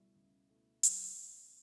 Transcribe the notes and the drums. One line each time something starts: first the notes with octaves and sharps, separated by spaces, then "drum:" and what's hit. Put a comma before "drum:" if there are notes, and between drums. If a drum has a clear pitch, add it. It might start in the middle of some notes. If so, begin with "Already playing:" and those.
Already playing: C#2 B2 G3 A3 E4
C#2
B2 A3 E4
F#3, drum: hi-hat